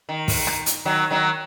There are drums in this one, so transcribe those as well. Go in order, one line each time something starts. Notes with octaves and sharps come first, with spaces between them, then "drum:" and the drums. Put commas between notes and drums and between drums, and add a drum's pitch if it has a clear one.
D#3
drum: kick, open hi-hat
drum: rim click
drum: hi-hat
D#3 F#3
D#3 F#3